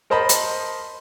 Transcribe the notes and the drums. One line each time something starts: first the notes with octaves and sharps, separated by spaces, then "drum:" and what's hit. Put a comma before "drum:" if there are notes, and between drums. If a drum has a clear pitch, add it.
A#4 C5 D#5 A5 B5
drum: hi-hat